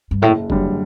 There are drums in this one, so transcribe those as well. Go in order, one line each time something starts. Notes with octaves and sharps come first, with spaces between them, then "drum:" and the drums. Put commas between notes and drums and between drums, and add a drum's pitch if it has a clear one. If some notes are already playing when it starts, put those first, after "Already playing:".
G2
F#1 A2
F#2 D3 G3, drum: kick F#1